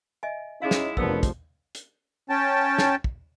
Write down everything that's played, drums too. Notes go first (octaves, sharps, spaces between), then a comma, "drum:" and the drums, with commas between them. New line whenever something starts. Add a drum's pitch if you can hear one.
D#5 E5 G#5
G#3 C#4 D#4 E4 G#4 D#5 F5
drum: snare
F1 D3 F3 F#3 B3 D4 A#4 E6, drum: kick
drum: kick, hi-hat
drum: hi-hat
C#4 G5 A5
drum: snare
drum: kick